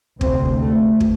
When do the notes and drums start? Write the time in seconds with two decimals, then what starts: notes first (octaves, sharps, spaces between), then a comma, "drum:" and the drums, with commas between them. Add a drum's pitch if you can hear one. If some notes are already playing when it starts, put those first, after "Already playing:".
0.21 D2 C3 C4, drum: kick
0.61 A3
1.00 drum: kick